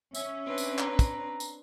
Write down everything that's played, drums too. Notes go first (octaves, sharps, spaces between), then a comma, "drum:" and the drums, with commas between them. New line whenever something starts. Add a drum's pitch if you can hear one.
C#4 E5, drum: tambourine
C4 D4 B4
drum: tambourine
A#5, drum: clap
drum: kick, tambourine
drum: tambourine